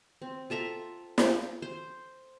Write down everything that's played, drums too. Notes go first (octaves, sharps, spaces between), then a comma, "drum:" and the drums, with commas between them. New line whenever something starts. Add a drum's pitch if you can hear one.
C4
F4 A4 E5 A#5
drum: snare
C5